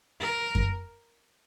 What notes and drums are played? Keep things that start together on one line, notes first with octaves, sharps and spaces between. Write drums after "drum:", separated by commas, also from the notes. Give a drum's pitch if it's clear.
A#4
drum: kick F#2